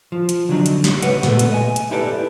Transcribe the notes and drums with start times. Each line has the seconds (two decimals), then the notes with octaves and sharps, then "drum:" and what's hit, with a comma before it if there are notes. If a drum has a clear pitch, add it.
0.12 F3
0.29 drum: hi-hat
0.49 D3 F#3 D4 D#4
0.66 drum: hi-hat
0.84 drum: snare
1.02 C#3 B4 C#5 F#5, drum: hi-hat
1.23 A#2 G#3 A3 B3, drum: snare
1.39 drum: hi-hat
1.52 D#5 G#5
1.76 drum: hi-hat
1.91 D#4 E4 G4 A4 B4 D5